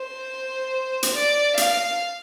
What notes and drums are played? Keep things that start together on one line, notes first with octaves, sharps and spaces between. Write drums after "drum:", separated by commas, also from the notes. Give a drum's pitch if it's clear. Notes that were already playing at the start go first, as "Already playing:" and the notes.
Already playing: C5
drum: hi-hat
D5
F5, drum: hi-hat